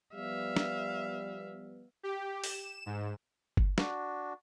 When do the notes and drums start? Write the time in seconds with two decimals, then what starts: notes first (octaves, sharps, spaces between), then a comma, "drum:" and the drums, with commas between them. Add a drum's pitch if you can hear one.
0.15 F3 G3 B3 E5 F5
0.56 drum: snare
2.03 G4
2.44 E7, drum: open hi-hat
2.86 G#2
3.57 drum: kick G1
3.78 D4 F#4, drum: snare